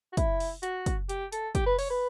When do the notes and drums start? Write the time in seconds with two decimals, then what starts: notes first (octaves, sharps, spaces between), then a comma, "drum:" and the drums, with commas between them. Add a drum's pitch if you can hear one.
0.13 F#4
0.17 E4, drum: kick, hi-hat
0.40 drum: open hi-hat
0.63 F#4, drum: hi-hat
0.86 drum: kick, hi-hat
1.09 G4, drum: hi-hat
1.32 A4, drum: hi-hat
1.55 G4, drum: kick, hi-hat
1.66 B4
1.79 C#5, drum: open hi-hat
1.90 B4